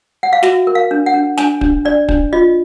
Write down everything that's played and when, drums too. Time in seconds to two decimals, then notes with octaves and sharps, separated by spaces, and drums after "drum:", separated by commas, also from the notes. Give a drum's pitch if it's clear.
0.23 F#5
0.33 F5
0.43 F#4 E5, drum: snare
0.67 A#4
0.75 F5
0.91 D4
1.06 F#5
1.14 D4
1.38 D4 G#5, drum: snare
1.61 D4, drum: kick
1.85 D4 D5
2.09 D4, drum: kick
2.33 F4 D#5